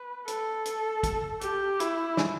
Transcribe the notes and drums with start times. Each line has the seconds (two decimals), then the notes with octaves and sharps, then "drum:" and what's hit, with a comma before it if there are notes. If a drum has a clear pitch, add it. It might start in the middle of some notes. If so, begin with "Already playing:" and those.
Already playing: B4
0.28 A4, drum: hi-hat
0.65 drum: hi-hat
1.03 drum: kick, hi-hat
1.41 G4, drum: hi-hat
1.80 E4, drum: hi-hat
2.17 drum: snare